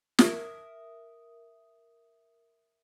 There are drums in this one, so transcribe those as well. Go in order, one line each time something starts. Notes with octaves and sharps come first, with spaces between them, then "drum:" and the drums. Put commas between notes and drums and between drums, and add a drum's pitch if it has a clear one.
A#4 E5 D#6, drum: snare